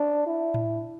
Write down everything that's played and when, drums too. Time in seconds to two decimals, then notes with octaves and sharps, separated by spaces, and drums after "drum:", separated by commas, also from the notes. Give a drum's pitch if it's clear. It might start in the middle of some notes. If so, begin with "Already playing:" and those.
Already playing: D4
0.27 E4
0.54 drum: tom A2